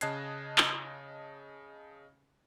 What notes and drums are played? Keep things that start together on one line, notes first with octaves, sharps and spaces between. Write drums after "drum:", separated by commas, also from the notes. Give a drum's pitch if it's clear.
C#3 D#5 A5 F#6 G#6 C7, drum: hi-hat
drum: clap